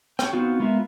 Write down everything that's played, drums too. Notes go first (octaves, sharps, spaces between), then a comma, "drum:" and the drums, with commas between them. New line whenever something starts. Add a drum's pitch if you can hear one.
C#5 G5, drum: rim click
B3 C4 D#4 F4 F#4
G#3 B3 F4 A#4 E5